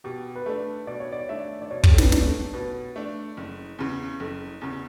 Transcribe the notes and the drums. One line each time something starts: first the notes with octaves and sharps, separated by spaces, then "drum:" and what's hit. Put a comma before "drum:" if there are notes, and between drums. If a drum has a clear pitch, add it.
B2 G4
B4
A3 D4 A4
B2 D5
C#5
D5
A3 D4 E5
D5
B2 C#5
G4, drum: kick
A4
B4, drum: snare
A3 D4 G4, drum: snare
A4
B2 B4
A3 D4
F#1
E2 C#3
F#1 A4
E2 C#3